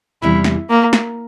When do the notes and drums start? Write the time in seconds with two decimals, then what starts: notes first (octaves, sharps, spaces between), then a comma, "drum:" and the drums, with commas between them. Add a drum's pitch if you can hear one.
0.22 E2 C3 E3 G3 E4
0.44 drum: snare
0.70 A#3
0.93 drum: snare